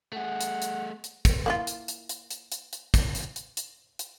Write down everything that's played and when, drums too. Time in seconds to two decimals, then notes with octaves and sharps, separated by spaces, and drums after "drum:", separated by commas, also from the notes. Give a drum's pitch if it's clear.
0.12 A3 G#4 F#5
0.41 drum: hi-hat
0.62 drum: hi-hat
1.04 drum: hi-hat
1.25 drum: kick, hi-hat
1.46 A#3 E4 F4
1.67 drum: hi-hat
1.88 drum: hi-hat
2.09 drum: hi-hat
2.30 drum: hi-hat
2.52 drum: hi-hat
2.73 drum: hi-hat
2.94 drum: kick, hi-hat
3.15 drum: hi-hat
3.36 drum: hi-hat
3.57 drum: hi-hat
3.99 drum: hi-hat